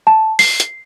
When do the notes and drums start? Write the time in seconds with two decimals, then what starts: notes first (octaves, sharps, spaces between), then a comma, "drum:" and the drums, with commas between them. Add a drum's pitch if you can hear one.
0.07 A5
0.39 C7, drum: open hi-hat
0.60 drum: hi-hat